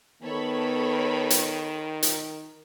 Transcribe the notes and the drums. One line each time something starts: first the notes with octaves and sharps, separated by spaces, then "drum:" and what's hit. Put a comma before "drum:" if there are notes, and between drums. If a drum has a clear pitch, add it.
D#3 B3 A4 C#5 B5
drum: hi-hat
drum: hi-hat